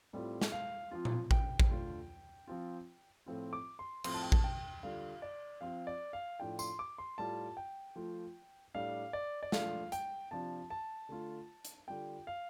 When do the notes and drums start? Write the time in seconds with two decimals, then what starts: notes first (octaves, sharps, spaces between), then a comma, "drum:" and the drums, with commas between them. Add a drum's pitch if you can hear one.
0.13 A2 G3 C4 F4
0.42 drum: snare
0.52 F5
0.91 F3 C4 F4
1.05 drum: tom A#2
1.31 G5, drum: kick A1
1.60 drum: kick A1
1.70 D3 A3 F4
2.48 F3 C4 F4
3.26 A2 F3 C4 F4
3.53 D6
3.79 C6
4.04 A2 F3 C4 C6, drum: cymbal
4.14 A5
4.23 G5
4.32 A5, drum: kick A1
4.44 G5
4.83 D3 G3 F4 F5
5.22 D5
5.61 F3 C4 F4 F5
5.87 D5
6.13 F5
6.40 A2 F3 D4 F4 G5
6.59 C6, drum: tambourine
6.79 D6
6.98 C6
7.18 A2 G3 F4 A5
7.57 G5
7.96 F3 A3 F4
8.74 A2 G3 D4 F5
9.13 D5
9.43 D5
9.52 F3 A3 D4 F4 F5, drum: snare
9.92 G5, drum: hi-hat
10.31 C3 F3 D4 A5
10.70 A5
11.09 D3 A3 F4
11.65 drum: hi-hat
11.88 D3 G3 F4 G5
12.27 F5